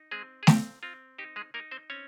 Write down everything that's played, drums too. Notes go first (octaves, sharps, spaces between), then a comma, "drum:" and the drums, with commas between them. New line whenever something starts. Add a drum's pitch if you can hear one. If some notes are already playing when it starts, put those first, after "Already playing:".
Already playing: D#4
G#3 C4 G#4
G#4
C4 G4, drum: snare
C4 F4
D#4 G4
G#3 G#4
A#3 D#4 A#4
C4 C5
C4 C#4 C#5